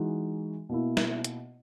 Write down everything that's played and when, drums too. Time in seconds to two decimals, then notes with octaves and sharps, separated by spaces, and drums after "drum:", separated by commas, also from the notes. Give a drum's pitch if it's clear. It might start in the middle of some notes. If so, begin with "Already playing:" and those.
Already playing: E3 G#3 D#4 F#4
0.69 B2 A#3 E4
0.97 drum: snare
1.24 drum: hi-hat